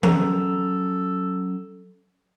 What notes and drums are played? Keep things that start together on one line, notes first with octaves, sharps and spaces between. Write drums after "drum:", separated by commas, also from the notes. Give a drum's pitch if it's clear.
F#3 C#4 A4 A#5, drum: tom E3